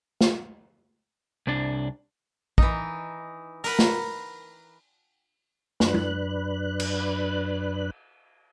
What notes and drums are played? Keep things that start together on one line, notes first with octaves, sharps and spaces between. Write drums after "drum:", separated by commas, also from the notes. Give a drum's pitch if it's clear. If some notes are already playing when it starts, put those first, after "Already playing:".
drum: snare
C2 D4
E3 D#4, drum: kick
A#4 B4 F#5, drum: open hi-hat
drum: snare
F#2 D4 B4 F#6, drum: snare
drum: tom G#3
drum: cymbal